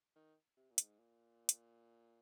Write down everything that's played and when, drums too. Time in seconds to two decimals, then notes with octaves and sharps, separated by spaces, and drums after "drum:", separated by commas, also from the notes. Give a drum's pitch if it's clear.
0.16 D#3
0.57 C3
0.70 A#2
0.78 G#2, drum: hi-hat
0.99 A#2
1.49 drum: hi-hat